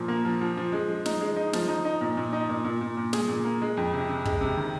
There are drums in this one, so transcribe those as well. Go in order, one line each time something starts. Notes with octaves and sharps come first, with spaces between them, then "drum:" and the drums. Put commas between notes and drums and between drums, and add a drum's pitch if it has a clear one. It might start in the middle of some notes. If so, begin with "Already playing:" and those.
Already playing: A#2 F3
A#3
F3
F3
F3
G#3
G#3
D#4, drum: snare
G#3
D#4
F3, drum: snare
D#4
D#4
A#2
A#2
D#4
A#2
A#2
A#2
A#2
G#4, drum: snare
A#2
A#3
G#3
F2
C3
C3
G#3, drum: kick
C3
D#3